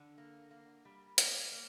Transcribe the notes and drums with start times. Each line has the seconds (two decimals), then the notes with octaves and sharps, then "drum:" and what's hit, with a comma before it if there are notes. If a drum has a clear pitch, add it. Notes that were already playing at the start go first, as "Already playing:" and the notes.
Already playing: D3
0.18 A#3
0.51 A#3
0.85 G3
1.18 A#3, drum: hi-hat
1.52 A#3